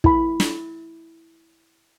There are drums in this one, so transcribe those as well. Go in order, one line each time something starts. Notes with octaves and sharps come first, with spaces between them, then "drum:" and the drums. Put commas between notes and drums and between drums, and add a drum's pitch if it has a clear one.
E4 B5, drum: kick
drum: snare